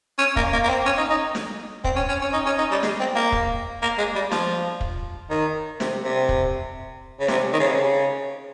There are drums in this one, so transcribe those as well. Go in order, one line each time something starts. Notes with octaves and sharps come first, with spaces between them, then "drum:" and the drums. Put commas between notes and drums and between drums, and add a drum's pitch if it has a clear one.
C#4
A#3, drum: kick
A#3
A#3
C4
C#4
D#4
D#4
drum: snare
C4, drum: kick
C#4
C#4
C#4
D#4
C#4
D#4
G3
G#3, drum: snare
C4
A#3
drum: kick
A#3
G#3
G3
F3, drum: snare
drum: kick
D#3
C3, drum: snare
C3
drum: kick
C#3
C3, drum: snare
D#3
C#3
C3
C#3